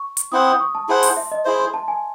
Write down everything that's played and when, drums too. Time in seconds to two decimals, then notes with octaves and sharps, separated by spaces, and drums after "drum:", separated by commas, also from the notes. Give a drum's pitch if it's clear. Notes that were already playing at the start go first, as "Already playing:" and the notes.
Already playing: C#6
0.17 drum: hi-hat
0.32 C4 E4 C5 F#5 D#6
0.47 D#6
0.60 C#6
0.75 A5
0.89 E4 G#4 C5 F#5 A5
1.03 C6, drum: open hi-hat
1.17 E5
1.32 D#5
1.45 E4 G#4 C5 E5
1.59 C6
1.74 A5
1.88 G#5